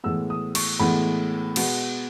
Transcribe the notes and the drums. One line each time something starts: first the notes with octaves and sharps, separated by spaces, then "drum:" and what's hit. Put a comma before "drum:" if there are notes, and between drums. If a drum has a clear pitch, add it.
A2 E3 G#3 B3 E6
D#6
C#6, drum: cymbal
A2 E3 G#3 B3 B5
B2 G#3 B3, drum: cymbal